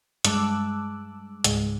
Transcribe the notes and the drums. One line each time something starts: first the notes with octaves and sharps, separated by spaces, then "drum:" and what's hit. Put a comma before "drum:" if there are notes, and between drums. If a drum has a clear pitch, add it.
G2 G#3 A5 D6 E6 F#6, drum: hi-hat
C#2 G#2 G#3, drum: hi-hat